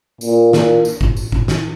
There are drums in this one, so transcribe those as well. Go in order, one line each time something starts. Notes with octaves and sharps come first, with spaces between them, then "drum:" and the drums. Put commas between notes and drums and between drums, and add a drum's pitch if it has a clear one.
A#2, drum: tambourine
A#2, drum: snare
drum: tambourine
drum: kick F#1
drum: tambourine
drum: kick F#1
drum: snare